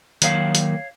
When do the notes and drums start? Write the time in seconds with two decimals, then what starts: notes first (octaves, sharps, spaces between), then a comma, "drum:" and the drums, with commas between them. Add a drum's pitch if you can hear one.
0.22 D#3 F#3 A#3 C#5 F5, drum: hi-hat
0.55 drum: hi-hat